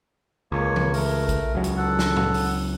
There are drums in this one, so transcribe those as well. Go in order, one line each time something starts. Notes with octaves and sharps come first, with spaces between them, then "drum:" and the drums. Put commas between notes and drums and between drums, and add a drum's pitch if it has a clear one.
C#2 A#3 C#5
drum: tom E3
A3 A#4, drum: open hi-hat
drum: kick A1, hi-hat
C#2 F#3
drum: hi-hat
A4 F#5
drum: snare
drum: tom A2
drum: open hi-hat